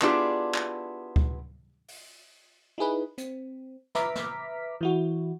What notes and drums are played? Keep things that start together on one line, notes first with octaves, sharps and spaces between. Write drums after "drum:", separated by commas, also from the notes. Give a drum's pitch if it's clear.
B3 D4 E4 F4 G4 G#4, drum: clap
drum: clap
drum: kick D2
drum: open hi-hat
D#4 E4 G#4 B4
C4, drum: hi-hat
B4 E5 A#5 D6 F6 B6, drum: snare
drum: snare
E3 E4 F#4